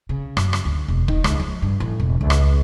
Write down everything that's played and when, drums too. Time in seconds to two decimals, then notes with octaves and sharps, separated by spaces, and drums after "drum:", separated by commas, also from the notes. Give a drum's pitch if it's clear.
0.09 C#3
0.37 F#2, drum: rim click
0.53 drum: rim click
0.65 D2
0.88 E1
1.08 D#3, drum: kick
1.24 C#2, drum: rim click
1.39 F3
1.62 G2
1.80 A1
2.00 E1
2.21 C#2
2.30 drum: rim click